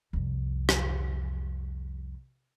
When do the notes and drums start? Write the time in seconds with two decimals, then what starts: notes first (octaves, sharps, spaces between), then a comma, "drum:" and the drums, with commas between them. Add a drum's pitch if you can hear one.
0.13 C2 F2
0.69 drum: rim click